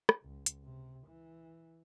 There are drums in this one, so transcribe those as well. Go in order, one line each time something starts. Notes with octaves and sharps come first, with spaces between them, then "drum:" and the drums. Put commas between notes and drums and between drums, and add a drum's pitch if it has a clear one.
drum: rim click
C#2
drum: hi-hat
C3
E3